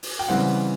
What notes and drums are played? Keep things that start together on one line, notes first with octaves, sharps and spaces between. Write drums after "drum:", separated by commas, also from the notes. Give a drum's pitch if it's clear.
drum: open hi-hat
G5
C#3 E3 G3 C4 F#5